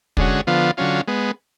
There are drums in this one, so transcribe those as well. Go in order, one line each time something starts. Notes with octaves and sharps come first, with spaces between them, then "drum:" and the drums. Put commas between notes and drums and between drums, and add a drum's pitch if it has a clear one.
D3 G#3 C#4 F#4, drum: kick
D3 F3 B3 F4
D3 F#3 C#4 F4
G#3 B3